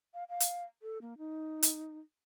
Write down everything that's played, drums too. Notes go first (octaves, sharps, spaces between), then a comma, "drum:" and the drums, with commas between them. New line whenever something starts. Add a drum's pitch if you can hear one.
F5
F5
drum: hi-hat
A4
A#3
D#4
drum: hi-hat